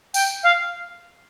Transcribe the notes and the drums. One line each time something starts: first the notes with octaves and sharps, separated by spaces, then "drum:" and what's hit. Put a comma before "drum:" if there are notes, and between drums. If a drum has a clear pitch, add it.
G5, drum: tambourine
F5